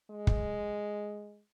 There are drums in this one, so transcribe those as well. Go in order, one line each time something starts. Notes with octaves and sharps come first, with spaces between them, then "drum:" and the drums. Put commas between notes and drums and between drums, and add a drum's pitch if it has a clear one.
G#3
drum: kick